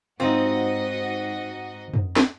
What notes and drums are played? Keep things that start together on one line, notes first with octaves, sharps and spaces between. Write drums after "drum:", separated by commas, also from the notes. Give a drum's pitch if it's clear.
G#2 C4 D#4 F4 F#4 D#5
drum: tom
drum: snare